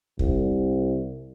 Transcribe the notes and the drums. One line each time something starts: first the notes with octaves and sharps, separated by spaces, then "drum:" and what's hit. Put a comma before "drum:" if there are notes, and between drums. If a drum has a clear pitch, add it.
C2, drum: kick